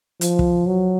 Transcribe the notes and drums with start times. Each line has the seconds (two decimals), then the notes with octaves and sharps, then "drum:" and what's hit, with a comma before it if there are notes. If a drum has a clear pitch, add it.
0.21 F3, drum: hi-hat
0.39 drum: kick
0.67 F#3